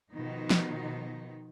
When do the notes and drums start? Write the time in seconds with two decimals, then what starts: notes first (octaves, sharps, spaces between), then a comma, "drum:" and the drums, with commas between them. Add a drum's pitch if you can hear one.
0.11 B2 D#3 F3 D#4
0.50 drum: snare